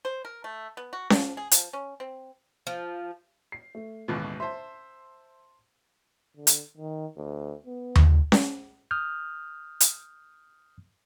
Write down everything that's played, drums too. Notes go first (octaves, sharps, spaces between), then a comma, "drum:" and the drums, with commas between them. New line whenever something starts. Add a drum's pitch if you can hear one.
C5
A#4
A3
B3
F#4
F3, drum: snare C#4
G#4
F3, drum: hi-hat
C#4
C4
F3
C7
A3
A1 D#2 B2 G#3
C5 E5 A5 C6
D3
drum: hi-hat
D#3
D2
B3
drum: tom D#2
drum: snare C#4
D#6 F6 G6
drum: hi-hat